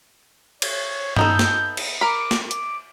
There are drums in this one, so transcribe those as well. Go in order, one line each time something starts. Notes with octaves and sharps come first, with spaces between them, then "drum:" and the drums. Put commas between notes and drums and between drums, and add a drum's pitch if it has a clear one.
C#5, drum: cymbal
B3 D#4 A4 G6, drum: tom G2
drum: snare
drum: cymbal
A#4 B5 D6
drum: snare
D6, drum: hi-hat